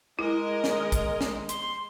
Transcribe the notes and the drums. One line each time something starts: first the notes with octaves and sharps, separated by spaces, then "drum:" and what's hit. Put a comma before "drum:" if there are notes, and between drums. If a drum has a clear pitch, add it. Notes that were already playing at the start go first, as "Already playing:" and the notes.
G#3 E4 A#4 D#5
drum: snare
drum: kick, hi-hat
drum: snare
C6, drum: hi-hat